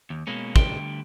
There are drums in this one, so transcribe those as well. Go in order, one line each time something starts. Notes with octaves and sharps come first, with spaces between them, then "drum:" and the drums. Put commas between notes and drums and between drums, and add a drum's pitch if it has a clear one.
D#2
B2 G#3 A#3 C#4
D2 D3 G3 G#3 G5 C6, drum: kick